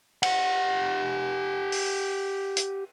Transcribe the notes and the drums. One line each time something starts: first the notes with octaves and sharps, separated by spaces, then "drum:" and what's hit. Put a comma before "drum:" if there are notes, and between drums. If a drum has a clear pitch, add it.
G4 F#5, drum: cymbal
drum: open hi-hat
drum: hi-hat